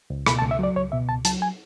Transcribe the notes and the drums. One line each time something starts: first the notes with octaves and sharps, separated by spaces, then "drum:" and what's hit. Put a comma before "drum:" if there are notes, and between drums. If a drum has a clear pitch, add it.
C#2
B2 B5, drum: rim click
A5
C#2
E5
F#3 D5
C#2 C#5
B2 E5
C#2 A5
F#3 A5, drum: hi-hat
G#5